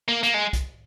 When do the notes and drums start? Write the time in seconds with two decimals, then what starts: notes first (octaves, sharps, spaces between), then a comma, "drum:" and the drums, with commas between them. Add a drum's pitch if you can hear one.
0.08 A#3
0.23 A#3, drum: hi-hat
0.34 G#3
0.53 drum: kick, hi-hat